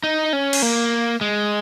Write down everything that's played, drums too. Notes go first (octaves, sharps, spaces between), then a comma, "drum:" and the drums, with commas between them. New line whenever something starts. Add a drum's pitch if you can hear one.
D#4
C#4
drum: cymbal
A#3
G#3